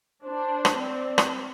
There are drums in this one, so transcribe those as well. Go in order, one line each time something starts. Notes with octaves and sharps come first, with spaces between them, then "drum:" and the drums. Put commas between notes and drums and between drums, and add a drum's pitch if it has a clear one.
D4 C5
drum: rim click
C4 D5
drum: rim click